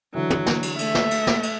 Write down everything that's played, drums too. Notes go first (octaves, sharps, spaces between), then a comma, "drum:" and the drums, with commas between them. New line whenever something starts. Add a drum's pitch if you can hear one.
D3 E3 F#3
drum: tom
drum: snare
drum: cymbal
A3 E5, drum: cymbal
drum: snare
drum: cymbal
drum: snare
drum: cymbal